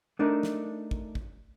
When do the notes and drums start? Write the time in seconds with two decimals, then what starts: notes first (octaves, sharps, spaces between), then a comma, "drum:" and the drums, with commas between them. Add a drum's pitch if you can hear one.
0.19 A3 D4 D#4 A#4
0.43 drum: snare
0.91 drum: kick
1.15 drum: kick